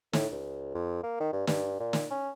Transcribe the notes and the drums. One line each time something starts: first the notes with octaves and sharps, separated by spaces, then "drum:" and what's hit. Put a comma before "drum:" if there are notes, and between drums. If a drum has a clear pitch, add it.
A2, drum: snare
C#2
F2
A#3
D#3
G2
G2, drum: snare
A#2
drum: snare
C#4